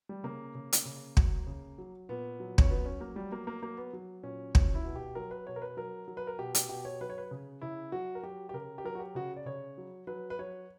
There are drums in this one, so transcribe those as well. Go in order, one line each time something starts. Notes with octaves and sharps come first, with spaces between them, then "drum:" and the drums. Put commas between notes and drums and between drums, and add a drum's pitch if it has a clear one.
G3
C#3 A#3
C#3
drum: hi-hat
C#3
F#3, drum: kick
C#3
F#3
A#2 B3
F#3
C#4, drum: kick
F#3 B3
C#4
F#3 A#3
G3
F#3 A#3
A#3
F#3 A#3
B3
F#3
A#2 C#4
F#3 C#4, drum: kick
E4
B2
G4
F#3 A#4
B4
B2 C#5
A#4
B4
F#3 A#4
F#3
B4
A#4
B2 G4
G4, drum: hi-hat
B2 G4
C#5
F#3 B4
C#5
B4
C#3
C#3 E4
F#3 F#4
A#4
F#3 G4
G4
C#3 A#4
G4
F#3 A#4
F#4
G4
C#3 F#4
D5
C#3 C#5
F#3
F#3 B4
B4
F#3 C#5